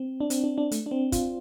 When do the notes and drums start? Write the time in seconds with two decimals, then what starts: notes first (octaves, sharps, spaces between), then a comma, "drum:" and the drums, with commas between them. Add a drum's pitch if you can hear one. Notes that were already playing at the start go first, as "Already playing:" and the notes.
Already playing: C4
0.20 D4
0.30 C4, drum: hi-hat
0.44 D4
0.58 D4
0.72 A3, drum: hi-hat
0.86 D4
0.91 C4
1.12 F4, drum: kick, hi-hat